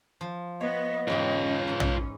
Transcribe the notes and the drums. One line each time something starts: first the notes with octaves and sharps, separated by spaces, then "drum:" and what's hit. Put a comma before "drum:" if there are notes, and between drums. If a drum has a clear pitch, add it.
F3
B3 C#5 D#5
E2 G#2 C#4 F4 C#5 G5
G#2 A#5
drum: tom A#1